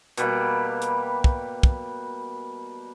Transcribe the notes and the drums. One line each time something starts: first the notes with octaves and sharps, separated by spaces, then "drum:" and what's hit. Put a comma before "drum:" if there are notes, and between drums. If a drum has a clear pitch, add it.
B2 G3 A#3, drum: hi-hat
drum: hi-hat
drum: kick
drum: kick